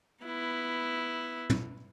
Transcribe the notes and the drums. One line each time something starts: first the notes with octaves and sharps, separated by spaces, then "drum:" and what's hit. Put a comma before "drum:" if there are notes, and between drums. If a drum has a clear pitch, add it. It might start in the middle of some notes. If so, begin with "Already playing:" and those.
B3 E4
drum: tom